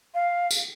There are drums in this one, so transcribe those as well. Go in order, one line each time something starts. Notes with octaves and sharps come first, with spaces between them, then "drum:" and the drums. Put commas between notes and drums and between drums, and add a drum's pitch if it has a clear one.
F5
drum: tambourine